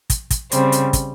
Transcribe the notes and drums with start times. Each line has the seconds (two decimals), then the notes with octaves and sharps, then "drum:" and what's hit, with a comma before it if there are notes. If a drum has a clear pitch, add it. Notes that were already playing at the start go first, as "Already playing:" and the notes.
0.10 drum: kick, hi-hat
0.30 drum: kick, hi-hat
0.52 C#3 G3 C4, drum: hi-hat
0.72 drum: hi-hat
0.93 drum: kick, hi-hat